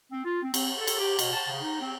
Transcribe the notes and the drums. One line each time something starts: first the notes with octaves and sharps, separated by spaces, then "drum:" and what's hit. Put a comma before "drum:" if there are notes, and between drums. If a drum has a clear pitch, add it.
C4
F4
C4
C4, drum: cymbal
A4
drum: cymbal
G4
B2, drum: cymbal
A5
C#3
D#4
C4